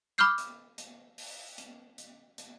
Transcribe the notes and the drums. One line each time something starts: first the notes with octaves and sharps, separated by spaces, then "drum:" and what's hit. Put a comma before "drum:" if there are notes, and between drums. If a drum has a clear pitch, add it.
B5 D6 E6 F6 G6 C7
drum: hi-hat
drum: hi-hat
drum: open hi-hat
drum: hi-hat
drum: hi-hat
drum: hi-hat